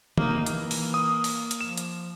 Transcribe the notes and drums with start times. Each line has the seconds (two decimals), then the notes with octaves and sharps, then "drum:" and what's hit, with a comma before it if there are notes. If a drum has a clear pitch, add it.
0.18 C3 A#3 D#4, drum: tom D#3
0.46 E3 A#3, drum: hi-hat
0.71 drum: open hi-hat
0.94 D#6
1.24 drum: open hi-hat
1.51 drum: hi-hat
1.61 F3 E7
1.77 drum: hi-hat